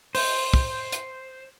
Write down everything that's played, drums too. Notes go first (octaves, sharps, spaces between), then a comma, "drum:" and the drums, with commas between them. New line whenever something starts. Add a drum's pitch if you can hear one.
C5, drum: open hi-hat
drum: kick
drum: hi-hat